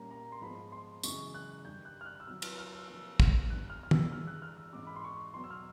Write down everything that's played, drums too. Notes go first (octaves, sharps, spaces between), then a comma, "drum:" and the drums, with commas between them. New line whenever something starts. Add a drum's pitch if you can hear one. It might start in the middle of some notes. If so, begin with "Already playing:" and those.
Already playing: A#2 G3 A#3 C#4 A#5
A#5
C6
G#2 F3 G#3 B3 B5
C6
F#2 C#3 E3 G#3 C#6, drum: tambourine
F#6
G2 D#3 G3 G6
F#6
F6
F#6
E6
C3 D#3 F#3 F6
F6, drum: cymbal
F6
E6
C3 F3 A#3 E6
F6, drum: kick
F2 D3 G3 B3 F#6
F6
F6
E6, drum: tom
G2 E3 G#3 F6
F#6
F6
E6
G#2 E3 G#3 C#4 D6
B5
C6
C#6
E2 B2 F#3 B3 C6
E6
F6